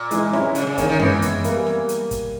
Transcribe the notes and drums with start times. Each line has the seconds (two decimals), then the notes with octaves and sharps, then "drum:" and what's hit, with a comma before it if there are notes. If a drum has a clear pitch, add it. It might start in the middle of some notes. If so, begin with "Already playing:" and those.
Already playing: A#2
0.11 E3 G#3, drum: hi-hat
0.33 C#4 E4, drum: snare
0.55 C#3, drum: hi-hat
0.67 C#3
0.78 D#3 A#3 C#4, drum: kick, hi-hat
0.89 D#3
0.99 E3 G#3 B3, drum: tom F#2
1.22 drum: hi-hat
1.44 G3 A#3, drum: hi-hat
1.66 drum: snare
1.89 drum: hi-hat
2.11 drum: kick, hi-hat